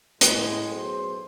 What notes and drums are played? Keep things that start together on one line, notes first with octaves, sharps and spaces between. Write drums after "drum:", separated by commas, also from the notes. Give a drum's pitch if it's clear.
A2 G#3, drum: hi-hat
B1 G#4 A4 C5